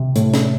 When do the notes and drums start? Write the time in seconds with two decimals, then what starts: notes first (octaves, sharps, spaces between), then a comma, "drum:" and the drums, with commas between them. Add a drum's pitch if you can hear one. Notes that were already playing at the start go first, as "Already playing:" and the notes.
Already playing: C3
0.16 A2, drum: hi-hat
0.34 drum: snare